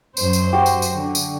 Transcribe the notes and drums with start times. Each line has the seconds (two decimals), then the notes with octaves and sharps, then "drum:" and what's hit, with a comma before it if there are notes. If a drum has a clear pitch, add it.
0.17 F#2 C5, drum: tambourine
0.33 drum: tambourine
0.53 F#4 G4
0.66 drum: tambourine
0.82 drum: tambourine
0.94 D3
1.15 drum: tambourine